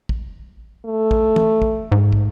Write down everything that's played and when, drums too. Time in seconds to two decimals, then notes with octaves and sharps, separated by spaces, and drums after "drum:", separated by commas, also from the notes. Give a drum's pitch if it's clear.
0.09 drum: kick
0.86 A3
1.11 drum: kick
1.36 drum: tom
1.62 drum: kick
1.92 G#2
2.12 drum: kick